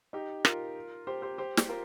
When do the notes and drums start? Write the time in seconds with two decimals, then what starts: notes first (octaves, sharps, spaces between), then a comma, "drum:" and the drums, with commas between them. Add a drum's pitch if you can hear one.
0.13 D#4 G4
0.45 F4 A#4, drum: rim click
1.07 G4 C5
1.22 G4 C5
1.38 G4 C5
1.57 drum: snare
1.69 F4 A#4